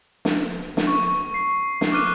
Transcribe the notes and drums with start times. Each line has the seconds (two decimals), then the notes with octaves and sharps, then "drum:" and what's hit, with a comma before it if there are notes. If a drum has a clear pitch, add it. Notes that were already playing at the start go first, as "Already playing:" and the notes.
0.25 drum: snare
0.77 drum: snare
0.87 C#6
1.03 C#6
1.34 C7
1.81 drum: snare
1.92 D6 F6 F#6 D#7